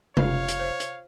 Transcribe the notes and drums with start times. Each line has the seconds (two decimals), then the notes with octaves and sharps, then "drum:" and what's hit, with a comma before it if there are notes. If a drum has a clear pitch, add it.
0.17 F1 F4 B4 C#5 F5, drum: tom C3
0.48 drum: hi-hat
0.60 C5
0.80 drum: hi-hat